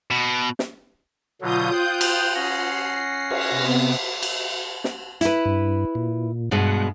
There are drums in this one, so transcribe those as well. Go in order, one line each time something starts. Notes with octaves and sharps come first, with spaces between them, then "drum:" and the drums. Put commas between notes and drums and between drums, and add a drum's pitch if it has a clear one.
B2
drum: snare
B2 D3 F#3 F4 D#6 G6
C5 G5 F#6
drum: cymbal
C#4 F#5 A#6 C7
drum: cymbal
C3 B3
drum: cymbal
drum: snare
E4 B4, drum: hi-hat
G2
A#2
G2 B2 G#3 F#5